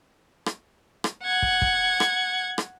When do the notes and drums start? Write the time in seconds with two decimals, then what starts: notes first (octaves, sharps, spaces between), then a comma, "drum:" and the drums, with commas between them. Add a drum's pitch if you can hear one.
0.46 drum: rim click
1.04 drum: rim click
1.23 F#5 G#6
1.42 drum: kick
1.62 drum: kick
2.00 drum: rim click
2.58 drum: rim click